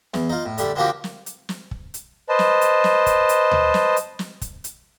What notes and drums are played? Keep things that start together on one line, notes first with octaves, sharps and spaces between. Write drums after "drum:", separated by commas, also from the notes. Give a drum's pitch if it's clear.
E2, drum: snare
D#4 F4
A2
D3 G3 A3, drum: hi-hat
D3 D#3 F3 A#3 F#4 G4
drum: snare
drum: hi-hat
drum: snare
drum: kick
drum: hi-hat
B4 C5 D#5 A5
drum: snare
drum: hi-hat
drum: snare
drum: kick, hi-hat
drum: hi-hat
drum: tom D2
drum: snare
drum: hi-hat
drum: snare
drum: kick, hi-hat
drum: hi-hat